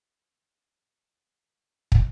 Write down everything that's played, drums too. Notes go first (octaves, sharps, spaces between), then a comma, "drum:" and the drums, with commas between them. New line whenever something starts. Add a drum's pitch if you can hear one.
A#2 G#4 B4
A2 E4 C#5 G5
D2 D#3 F3 C4
drum: kick